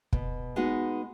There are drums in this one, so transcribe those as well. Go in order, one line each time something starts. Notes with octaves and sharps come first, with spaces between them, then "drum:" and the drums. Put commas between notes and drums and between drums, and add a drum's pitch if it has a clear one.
B2, drum: kick
G#3 B3 D#4 F#4